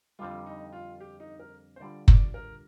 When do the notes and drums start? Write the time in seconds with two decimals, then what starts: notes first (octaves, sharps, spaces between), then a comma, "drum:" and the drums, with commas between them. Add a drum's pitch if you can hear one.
0.19 F2 D3 G3 F4
0.46 D#4
0.73 F4
1.00 G4
1.20 D#4
1.40 A#4
1.76 C5
1.80 D3 G3 D4 F4 D5
2.08 D5, drum: kick
2.34 A#4